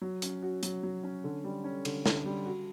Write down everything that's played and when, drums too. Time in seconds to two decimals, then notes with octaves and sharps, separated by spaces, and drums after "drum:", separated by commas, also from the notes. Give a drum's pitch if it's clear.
0.02 F#3
0.22 C#4, drum: hi-hat
0.43 F#4
0.63 F#3, drum: hi-hat
0.83 F#3
1.04 C#4
1.24 D3
1.44 G3
1.64 C#4
1.85 D3, drum: cymbal
2.06 D3, drum: snare
2.26 G3
2.46 F#4